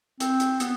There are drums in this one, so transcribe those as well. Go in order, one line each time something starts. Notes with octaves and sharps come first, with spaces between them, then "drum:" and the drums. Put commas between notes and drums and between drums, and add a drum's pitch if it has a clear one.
C4, drum: hi-hat
drum: hi-hat
B3, drum: hi-hat